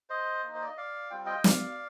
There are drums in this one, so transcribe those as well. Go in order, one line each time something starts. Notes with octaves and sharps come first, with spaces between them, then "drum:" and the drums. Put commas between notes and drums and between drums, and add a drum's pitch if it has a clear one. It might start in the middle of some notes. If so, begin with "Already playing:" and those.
C5 D#5
A#3 D#4
C5
D5
D#5
D5 F5
G3 C4 F4 G5
D#5 G5
D5 F5, drum: snare